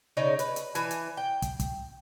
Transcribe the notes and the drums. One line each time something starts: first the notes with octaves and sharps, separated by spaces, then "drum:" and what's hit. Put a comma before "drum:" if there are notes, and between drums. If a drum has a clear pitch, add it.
C#3 D#4 C#5
B4, drum: hi-hat
drum: hi-hat
E3 G#5, drum: hi-hat
drum: hi-hat
G5
drum: kick, hi-hat
drum: kick, hi-hat